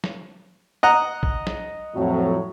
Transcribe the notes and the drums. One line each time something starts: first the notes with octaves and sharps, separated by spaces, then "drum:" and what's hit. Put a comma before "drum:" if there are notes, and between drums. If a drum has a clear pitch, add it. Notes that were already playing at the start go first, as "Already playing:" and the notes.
drum: snare
D#5 F#5 A#5
drum: kick A#1
drum: snare
F2 A2 F#3